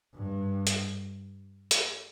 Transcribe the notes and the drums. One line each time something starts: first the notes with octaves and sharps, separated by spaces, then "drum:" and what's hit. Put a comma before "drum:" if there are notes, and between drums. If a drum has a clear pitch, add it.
G2
drum: hi-hat
drum: hi-hat